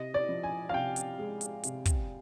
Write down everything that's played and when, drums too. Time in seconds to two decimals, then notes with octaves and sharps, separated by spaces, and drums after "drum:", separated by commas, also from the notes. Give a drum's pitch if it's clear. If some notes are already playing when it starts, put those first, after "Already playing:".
Already playing: C3 D#5
0.14 D5
0.29 F3
0.43 G#5
0.69 F5
0.73 C3 G5
0.96 drum: hi-hat
1.19 G#3
1.41 drum: hi-hat
1.63 C3, drum: hi-hat
1.85 drum: kick, hi-hat